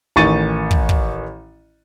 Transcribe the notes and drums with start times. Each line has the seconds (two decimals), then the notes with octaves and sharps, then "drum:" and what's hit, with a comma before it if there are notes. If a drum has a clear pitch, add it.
0.16 A1 D#3 C#6 A6 D#7
0.71 drum: kick
0.89 drum: kick